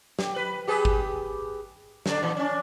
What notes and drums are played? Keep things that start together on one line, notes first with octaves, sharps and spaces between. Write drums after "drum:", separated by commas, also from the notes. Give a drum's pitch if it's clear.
G4, drum: snare
B4
G4 G#4 B4
drum: kick G#1
D3 D4, drum: snare
A#2 E3
C#4 D4